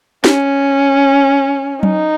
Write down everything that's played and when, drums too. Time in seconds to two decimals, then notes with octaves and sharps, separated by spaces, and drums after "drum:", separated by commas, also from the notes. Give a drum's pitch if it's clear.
0.24 C#4, drum: snare
1.83 D#4, drum: tom F#3